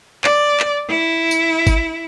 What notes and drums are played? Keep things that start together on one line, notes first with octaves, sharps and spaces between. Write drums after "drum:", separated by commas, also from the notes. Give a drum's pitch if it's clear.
D5, drum: clap
drum: clap
E4
drum: tambourine
drum: kick, tambourine